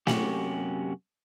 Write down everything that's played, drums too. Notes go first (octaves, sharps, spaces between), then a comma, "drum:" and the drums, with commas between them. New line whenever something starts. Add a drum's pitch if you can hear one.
F#2 C3 A#3 C#4 F#4 G4, drum: snare